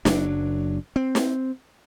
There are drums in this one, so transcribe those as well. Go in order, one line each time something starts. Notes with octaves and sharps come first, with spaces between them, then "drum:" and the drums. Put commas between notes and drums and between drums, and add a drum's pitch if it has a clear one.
F#1 F#3 D4, drum: snare
C4
drum: snare